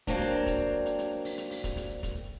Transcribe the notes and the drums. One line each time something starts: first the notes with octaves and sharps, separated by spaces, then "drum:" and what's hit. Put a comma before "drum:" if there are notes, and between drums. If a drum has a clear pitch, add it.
F#3 A#3 C4 D4, drum: kick, hi-hat
drum: hi-hat
drum: kick, hi-hat
drum: hi-hat
drum: hi-hat
drum: open hi-hat
drum: hi-hat
drum: open hi-hat
drum: kick, hi-hat
drum: hi-hat
drum: kick, hi-hat